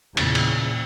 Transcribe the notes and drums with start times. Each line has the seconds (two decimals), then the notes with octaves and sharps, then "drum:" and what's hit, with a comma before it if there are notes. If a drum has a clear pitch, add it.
0.17 E2 A#2 C#3, drum: cymbal
0.35 drum: cymbal